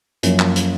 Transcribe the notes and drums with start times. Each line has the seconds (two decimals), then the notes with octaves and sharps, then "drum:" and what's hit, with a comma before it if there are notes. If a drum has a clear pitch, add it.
0.23 F#2 F3 A#3 C#4, drum: hi-hat
0.39 drum: clap
0.56 drum: hi-hat